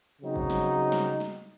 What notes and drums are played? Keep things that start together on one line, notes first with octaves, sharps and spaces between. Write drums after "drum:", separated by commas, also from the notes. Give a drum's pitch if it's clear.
C#3 F#3 C4 D#4
drum: kick
drum: snare
drum: snare
drum: snare